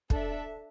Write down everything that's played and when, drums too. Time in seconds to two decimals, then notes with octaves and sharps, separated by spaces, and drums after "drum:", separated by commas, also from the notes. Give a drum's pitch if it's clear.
0.10 D4 A4 E5, drum: kick